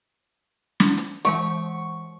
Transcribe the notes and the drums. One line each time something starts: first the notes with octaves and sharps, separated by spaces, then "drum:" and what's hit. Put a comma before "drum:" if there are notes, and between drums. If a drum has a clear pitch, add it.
drum: snare
drum: hi-hat
E3 G#3 F#5 C#6, drum: hi-hat